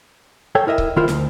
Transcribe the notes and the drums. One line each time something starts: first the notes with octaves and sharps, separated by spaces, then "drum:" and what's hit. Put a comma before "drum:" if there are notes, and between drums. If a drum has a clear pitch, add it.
A4 C#5 G5
E4 A#4 D#5 E5
drum: kick C#1
D#3 E4 F4 A#4 C5
D2, drum: snare